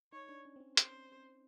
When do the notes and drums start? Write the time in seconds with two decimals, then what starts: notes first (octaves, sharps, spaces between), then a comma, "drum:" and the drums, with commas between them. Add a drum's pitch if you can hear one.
0.12 D#4 C#5
0.29 D4
0.45 C#4
0.56 C4
0.60 C#4
0.77 C5, drum: hi-hat